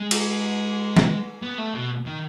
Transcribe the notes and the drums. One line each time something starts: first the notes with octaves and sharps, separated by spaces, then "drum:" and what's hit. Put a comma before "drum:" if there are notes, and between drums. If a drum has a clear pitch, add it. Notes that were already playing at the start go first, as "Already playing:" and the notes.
Already playing: G#3
drum: cymbal
drum: snare
B3
A3
B2
D#3